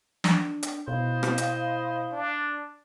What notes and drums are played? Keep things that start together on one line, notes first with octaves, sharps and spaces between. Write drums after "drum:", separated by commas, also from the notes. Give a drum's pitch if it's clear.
D4, drum: snare
drum: hi-hat
B2 E4 C5 D#5 F5
drum: rim click
drum: hi-hat
D4